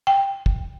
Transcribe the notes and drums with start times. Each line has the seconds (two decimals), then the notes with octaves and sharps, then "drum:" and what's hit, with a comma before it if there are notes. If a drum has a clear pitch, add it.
0.07 G5
0.46 drum: kick